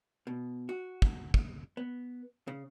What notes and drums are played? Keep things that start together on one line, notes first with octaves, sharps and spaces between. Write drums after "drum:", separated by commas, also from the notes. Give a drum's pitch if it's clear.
B2
F#4
drum: kick
drum: kick
B3
C#3